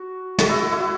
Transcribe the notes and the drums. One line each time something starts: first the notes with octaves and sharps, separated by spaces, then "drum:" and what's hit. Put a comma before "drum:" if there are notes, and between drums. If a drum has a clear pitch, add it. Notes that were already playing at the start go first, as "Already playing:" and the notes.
Already playing: F#4
F#4, drum: snare
E4
F#4
E4
F#4